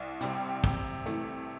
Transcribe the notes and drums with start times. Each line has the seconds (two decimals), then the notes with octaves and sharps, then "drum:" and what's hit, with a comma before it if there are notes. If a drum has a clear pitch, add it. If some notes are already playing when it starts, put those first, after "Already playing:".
Already playing: C2
0.21 C3 G3 C4, drum: hi-hat
0.64 C3, drum: kick
1.06 E3 A3, drum: hi-hat